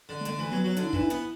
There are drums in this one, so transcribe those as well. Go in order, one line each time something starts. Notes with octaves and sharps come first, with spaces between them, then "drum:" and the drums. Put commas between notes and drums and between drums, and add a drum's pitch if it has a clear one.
D3
G#3
D3 A3, drum: hi-hat
E3
F#3 B3
F#3
D3 D4, drum: hi-hat
E4
E3 D4, drum: kick
E4
B3, drum: hi-hat